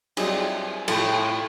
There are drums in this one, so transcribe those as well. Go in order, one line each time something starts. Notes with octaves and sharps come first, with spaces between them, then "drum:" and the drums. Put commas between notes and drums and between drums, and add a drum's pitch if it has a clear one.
F#3 G3 C4 D#4 G#4, drum: cymbal
A2 F3 G5, drum: cymbal